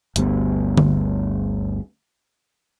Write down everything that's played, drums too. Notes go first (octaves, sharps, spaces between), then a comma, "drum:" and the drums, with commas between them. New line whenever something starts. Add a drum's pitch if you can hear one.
G1 D2 G3 B3, drum: hi-hat
drum: tom D3